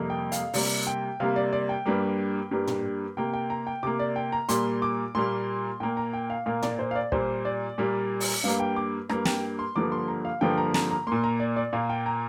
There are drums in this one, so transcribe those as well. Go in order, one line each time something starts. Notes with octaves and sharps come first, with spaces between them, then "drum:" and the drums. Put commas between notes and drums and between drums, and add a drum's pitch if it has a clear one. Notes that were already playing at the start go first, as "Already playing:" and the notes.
Already playing: F2 C3 G3 A#3
G5
F5, drum: hi-hat
C3 G3 A#3 D5, drum: open hi-hat
G5
C3 G3 A#3 F5
D5
D5
G5
G2 G3 A#3
G2 G3 A#3
drum: tom
C3 A#3 G5
G5
A#5
G5
C3 A#3 D6
D5
G5
A#5
A#2 G3 A#3 C6, drum: hi-hat
D6
A#2 G3 A#3 C6
A#2 A#3 G5
A#5
G5
F5
A#2 A#3 F5
D5, drum: tom
C5
F5
D5
A#2 G3 A#3 C5, drum: kick
D5
A#2 G3 A#3
drum: open hi-hat
G2 G3 A#3 F5
G5
D6
G2 G3 A#3 A#5, drum: rim click
G5, drum: snare
C6
G2 D3 F3 A#3 D6
C6
A#5
F5
G2 D3 F3 A#3 G5
A#5
A#5, drum: snare
A#5
A#2 A#3 C6
A#5
D5
D5
A#2 A#3 F5
G5
A#5